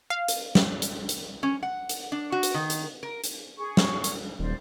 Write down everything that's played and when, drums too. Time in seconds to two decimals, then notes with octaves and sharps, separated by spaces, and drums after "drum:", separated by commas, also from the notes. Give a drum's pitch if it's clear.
0.10 F5
0.28 drum: hi-hat
0.55 drum: snare
0.82 drum: hi-hat
1.09 drum: hi-hat
1.43 C#4
1.63 F#5
1.89 drum: hi-hat
2.12 D4
2.32 F#4
2.43 drum: hi-hat
2.54 D#3
2.70 drum: hi-hat
3.03 A#4
3.24 drum: hi-hat
3.57 G#4 C#6
3.77 drum: snare
4.04 drum: hi-hat
4.39 D#1 C5 D5